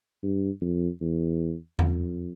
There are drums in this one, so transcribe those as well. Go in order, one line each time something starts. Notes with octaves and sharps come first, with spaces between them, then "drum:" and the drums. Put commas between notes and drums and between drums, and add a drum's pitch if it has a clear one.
G2
F2
E2
F2, drum: tom E2